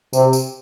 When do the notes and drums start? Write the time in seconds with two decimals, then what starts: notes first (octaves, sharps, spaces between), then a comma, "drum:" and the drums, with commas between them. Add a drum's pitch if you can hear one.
0.13 C3, drum: tambourine
0.33 drum: tambourine